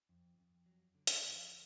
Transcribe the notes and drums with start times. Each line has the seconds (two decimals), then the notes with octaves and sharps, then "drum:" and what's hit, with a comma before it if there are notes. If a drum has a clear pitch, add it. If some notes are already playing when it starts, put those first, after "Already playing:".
0.09 F2
0.38 F2
0.66 F#3
0.95 D3
1.07 drum: hi-hat
1.23 F2